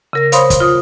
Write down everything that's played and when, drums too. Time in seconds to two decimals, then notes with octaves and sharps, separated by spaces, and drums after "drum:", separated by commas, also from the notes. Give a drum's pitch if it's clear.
0.13 C#3 A#4 A#6
0.32 C5 C#5 F5 B5 C6 D#6, drum: hi-hat
0.50 drum: kick, hi-hat
0.60 F4 D#6